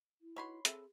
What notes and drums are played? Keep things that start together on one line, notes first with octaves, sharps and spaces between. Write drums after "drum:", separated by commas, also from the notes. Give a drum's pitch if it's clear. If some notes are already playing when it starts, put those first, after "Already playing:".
E4
D#4 F#4 B4 C#5 B5 C6
C4 G#4 A4 E5, drum: hi-hat